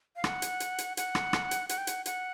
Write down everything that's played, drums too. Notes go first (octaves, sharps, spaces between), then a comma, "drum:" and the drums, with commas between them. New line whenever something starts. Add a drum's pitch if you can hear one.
F5
F#5, drum: rim click
drum: hi-hat
drum: hi-hat
drum: hi-hat
F#5, drum: hi-hat
drum: rim click
drum: rim click
drum: hi-hat
F#5, drum: hi-hat
G5
F#5, drum: hi-hat
F#5, drum: hi-hat